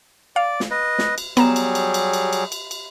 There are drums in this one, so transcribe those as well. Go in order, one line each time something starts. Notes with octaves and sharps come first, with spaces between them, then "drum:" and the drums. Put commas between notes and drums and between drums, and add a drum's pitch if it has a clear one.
D5 F5
drum: snare
B4 D#5
drum: snare
drum: cymbal
F#3 G3 B3 G#4 A#5 E7, drum: cymbal
drum: cymbal
drum: cymbal
drum: cymbal
drum: cymbal
drum: cymbal
drum: cymbal
drum: cymbal